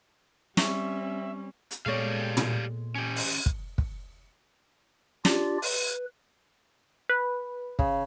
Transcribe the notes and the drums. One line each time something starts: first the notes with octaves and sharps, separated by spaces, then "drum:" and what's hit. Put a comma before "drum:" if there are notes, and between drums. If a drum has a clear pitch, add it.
G3 C4 C#4 E5 C#6, drum: snare
drum: hi-hat
A#2 G#3 B3 G4 A4 C#5 D5 F5
drum: tom
C#4 G4
drum: open hi-hat
drum: kick
drum: kick
D4 F4 G4 D5, drum: snare
B4, drum: open hi-hat
B4
C#3, drum: kick